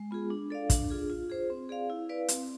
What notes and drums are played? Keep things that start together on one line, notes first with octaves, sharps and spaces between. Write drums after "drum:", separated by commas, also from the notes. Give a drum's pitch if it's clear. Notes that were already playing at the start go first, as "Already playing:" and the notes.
Already playing: G#3
B3 F4 G#4
D4
A4 D5 F5
D4, drum: kick, hi-hat
F4 G#4
F4
G#4 C5
C4
G#4 D5 F5
E4
B4 D5 F5
C4, drum: hi-hat